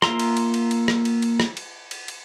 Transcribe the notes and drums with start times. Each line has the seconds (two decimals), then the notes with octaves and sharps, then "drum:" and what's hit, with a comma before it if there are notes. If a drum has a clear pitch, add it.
0.02 A#3 F4 E5 A#5 C6, drum: rim click
0.19 drum: cymbal
0.37 drum: cymbal
0.54 drum: cymbal
0.71 drum: cymbal
0.88 drum: rim click
1.05 drum: cymbal
1.22 drum: cymbal
1.40 drum: rim click
1.57 drum: cymbal
1.91 drum: cymbal
2.08 drum: cymbal